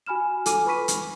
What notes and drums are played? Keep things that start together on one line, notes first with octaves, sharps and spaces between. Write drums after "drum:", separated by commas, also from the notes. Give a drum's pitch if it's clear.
F#4 G#5 B5 F6 E7
F4 A4 G#5 D6 F6 D#7, drum: hi-hat
B4 B5 C#6 B6 D#7
drum: hi-hat